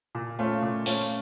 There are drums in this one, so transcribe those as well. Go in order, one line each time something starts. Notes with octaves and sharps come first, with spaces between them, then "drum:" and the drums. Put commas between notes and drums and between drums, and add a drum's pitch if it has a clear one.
A#2
A3 C#4 F4
A#2
A3 C#4 F4, drum: open hi-hat